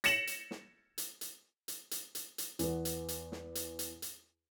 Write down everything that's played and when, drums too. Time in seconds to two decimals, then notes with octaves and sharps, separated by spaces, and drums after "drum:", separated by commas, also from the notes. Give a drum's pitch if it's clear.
0.04 A#6 C#7 E7 F#7, drum: hi-hat
0.27 drum: hi-hat
0.51 drum: snare
0.98 drum: hi-hat
1.21 drum: hi-hat
1.68 drum: hi-hat
1.91 drum: hi-hat
2.15 drum: hi-hat
2.38 drum: hi-hat
2.59 E2 B3, drum: hi-hat
2.85 drum: hi-hat
3.08 drum: hi-hat
3.32 drum: snare
3.55 drum: hi-hat
3.79 drum: hi-hat
4.02 drum: hi-hat